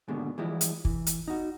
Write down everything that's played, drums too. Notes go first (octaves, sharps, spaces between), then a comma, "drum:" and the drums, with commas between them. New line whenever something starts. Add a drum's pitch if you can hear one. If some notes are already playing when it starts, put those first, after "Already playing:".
D#2 G#2 B2 D3 G#3
E3 F3 G3 G#3 E4
drum: hi-hat
E3, drum: kick
drum: hi-hat
D#4 F#4